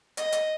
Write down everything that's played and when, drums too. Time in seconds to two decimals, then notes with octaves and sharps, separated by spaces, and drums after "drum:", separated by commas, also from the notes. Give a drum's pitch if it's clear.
0.17 D#5, drum: hi-hat
0.32 drum: hi-hat